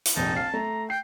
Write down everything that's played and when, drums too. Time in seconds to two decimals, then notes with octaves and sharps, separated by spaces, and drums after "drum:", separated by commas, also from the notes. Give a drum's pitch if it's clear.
0.05 drum: hi-hat
0.16 F1 A#1 D#4 A5
0.36 F5 C7
0.54 A3 A#5
0.90 G5 C7